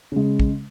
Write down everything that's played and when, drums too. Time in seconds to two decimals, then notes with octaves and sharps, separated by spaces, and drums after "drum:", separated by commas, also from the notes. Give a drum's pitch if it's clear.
0.12 C#3 G#3
0.40 drum: kick